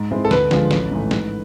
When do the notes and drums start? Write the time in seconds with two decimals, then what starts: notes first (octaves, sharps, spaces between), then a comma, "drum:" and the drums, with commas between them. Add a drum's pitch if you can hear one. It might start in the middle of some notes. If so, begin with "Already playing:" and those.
Already playing: G#2
0.11 G#3 C4 E4
0.25 A4
0.31 D2 B4, drum: snare
0.51 D3 F3 G#3, drum: snare
0.71 A1, drum: snare
0.91 G#2 E3 A3
1.11 G#2, drum: snare